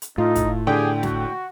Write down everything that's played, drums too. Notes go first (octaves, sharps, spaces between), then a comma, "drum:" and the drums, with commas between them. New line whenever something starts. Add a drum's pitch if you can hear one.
drum: hi-hat
A2 D#4 F4
drum: kick, hi-hat
D3 G4 G#4 G5
F#4, drum: snare